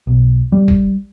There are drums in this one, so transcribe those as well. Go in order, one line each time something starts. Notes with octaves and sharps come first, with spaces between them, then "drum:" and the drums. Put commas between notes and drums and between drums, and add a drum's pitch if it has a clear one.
B1
G3
drum: kick